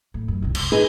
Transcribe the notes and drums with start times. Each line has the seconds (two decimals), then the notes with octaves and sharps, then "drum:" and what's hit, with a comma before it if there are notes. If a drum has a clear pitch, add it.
0.14 A2
0.28 F#2
0.42 C2 B2
0.55 G#3, drum: cymbal
0.72 D#4 G#4 B4